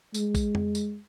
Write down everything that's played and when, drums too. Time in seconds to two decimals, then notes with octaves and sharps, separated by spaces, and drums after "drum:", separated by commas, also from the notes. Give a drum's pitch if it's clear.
0.14 G#3, drum: tambourine
0.35 drum: kick A#1, tambourine
0.55 drum: tom F2
0.75 drum: tambourine